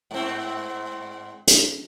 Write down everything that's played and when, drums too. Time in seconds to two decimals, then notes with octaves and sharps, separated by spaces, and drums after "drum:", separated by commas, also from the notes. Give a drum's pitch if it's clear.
0.11 G#2 C4
1.48 drum: hi-hat